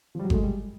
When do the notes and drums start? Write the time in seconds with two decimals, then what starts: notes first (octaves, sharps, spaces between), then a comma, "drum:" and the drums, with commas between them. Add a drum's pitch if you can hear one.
0.15 F3 G3
0.24 F#3
0.30 A3, drum: kick G1
0.34 G#3
0.43 G3